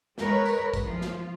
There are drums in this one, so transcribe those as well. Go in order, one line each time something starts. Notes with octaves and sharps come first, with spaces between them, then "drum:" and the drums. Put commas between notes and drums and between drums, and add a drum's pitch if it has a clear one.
G#3 A#4 B4 C#5, drum: snare
drum: tambourine
drum: kick, tambourine
F3 F4
drum: snare